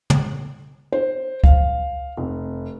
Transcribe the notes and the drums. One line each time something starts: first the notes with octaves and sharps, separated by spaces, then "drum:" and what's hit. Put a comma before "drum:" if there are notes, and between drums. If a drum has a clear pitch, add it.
drum: tom
C5
F5, drum: kick C#2
F1